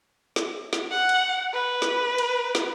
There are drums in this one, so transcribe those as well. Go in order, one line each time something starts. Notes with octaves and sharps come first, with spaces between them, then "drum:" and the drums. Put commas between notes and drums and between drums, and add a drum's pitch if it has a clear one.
drum: snare
drum: snare
F#5
drum: cymbal
B4
drum: snare
drum: cymbal
drum: snare